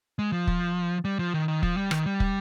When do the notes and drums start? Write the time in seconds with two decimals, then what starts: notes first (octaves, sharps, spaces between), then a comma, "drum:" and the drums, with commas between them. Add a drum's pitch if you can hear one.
0.19 G#3
0.32 F3
0.47 drum: kick
1.05 G3
1.19 F3
1.34 D#3
1.48 D#3
1.63 F3, drum: kick
1.77 G3
1.91 D#3, drum: rim click
2.06 G3
2.20 drum: kick